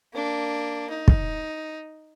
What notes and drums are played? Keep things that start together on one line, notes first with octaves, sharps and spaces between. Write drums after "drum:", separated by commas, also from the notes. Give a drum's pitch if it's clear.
A#3 D4
D#4
drum: kick